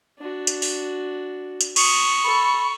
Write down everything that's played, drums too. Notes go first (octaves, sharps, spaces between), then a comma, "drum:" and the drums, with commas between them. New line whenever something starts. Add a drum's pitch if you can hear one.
D4 F#4
drum: hi-hat
drum: open hi-hat
drum: hi-hat
C#6 D#6, drum: cymbal
A4 B5